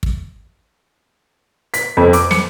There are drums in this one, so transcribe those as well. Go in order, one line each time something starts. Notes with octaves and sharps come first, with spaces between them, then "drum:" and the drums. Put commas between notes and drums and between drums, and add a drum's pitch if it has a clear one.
drum: kick
B6, drum: hi-hat
F2
D6, drum: hi-hat
C#7, drum: snare